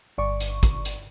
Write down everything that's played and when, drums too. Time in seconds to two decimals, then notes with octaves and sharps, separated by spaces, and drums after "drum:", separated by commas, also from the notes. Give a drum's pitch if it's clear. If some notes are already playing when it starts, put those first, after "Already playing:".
0.18 G1 D5 C#6
0.40 drum: hi-hat
0.63 drum: kick, hi-hat
0.85 drum: hi-hat